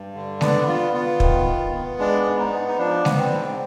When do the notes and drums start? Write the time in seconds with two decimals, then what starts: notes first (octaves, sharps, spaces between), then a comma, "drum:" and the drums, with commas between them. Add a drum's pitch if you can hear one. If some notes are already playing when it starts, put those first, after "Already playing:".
Already playing: G2
0.15 D3
0.41 B3 D4, drum: snare G#3
0.67 B3 F4
0.94 B3 F4
1.20 D#3, drum: kick
1.47 B3
1.73 B3
1.99 G#3 D4
2.26 G#2
2.39 D#4
2.52 B3
2.68 D#4
2.78 F3 D4
3.05 B3, drum: snare G#3
3.18 C4
3.31 G#2